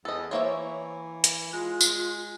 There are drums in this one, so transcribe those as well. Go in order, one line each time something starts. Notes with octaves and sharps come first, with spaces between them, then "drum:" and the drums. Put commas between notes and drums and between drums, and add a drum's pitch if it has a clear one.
E2 A4 D#5
E3 A#3 C5 C#5 E5
drum: hi-hat
G#3 F4
drum: tambourine